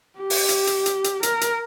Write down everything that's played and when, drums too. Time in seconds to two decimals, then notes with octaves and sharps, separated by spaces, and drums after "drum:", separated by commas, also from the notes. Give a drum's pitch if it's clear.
0.18 G4
0.30 drum: open hi-hat
0.49 drum: hi-hat
0.67 drum: hi-hat
0.86 drum: hi-hat
1.04 drum: hi-hat
1.23 A#4, drum: hi-hat
1.41 drum: hi-hat